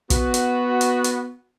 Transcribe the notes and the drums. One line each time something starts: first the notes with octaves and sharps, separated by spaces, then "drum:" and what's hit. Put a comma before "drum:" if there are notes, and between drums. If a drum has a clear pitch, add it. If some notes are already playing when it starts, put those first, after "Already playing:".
B3 F#4, drum: kick, hi-hat
drum: hi-hat
drum: hi-hat
drum: hi-hat